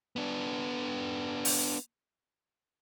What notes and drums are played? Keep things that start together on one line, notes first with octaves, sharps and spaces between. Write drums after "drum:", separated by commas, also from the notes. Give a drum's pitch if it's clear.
B3 D4
drum: open hi-hat